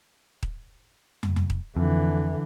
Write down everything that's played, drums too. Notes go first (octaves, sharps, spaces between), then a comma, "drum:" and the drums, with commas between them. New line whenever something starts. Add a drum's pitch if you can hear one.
drum: kick D#1
drum: tom
drum: tom
drum: kick D#1
F2 D3 E3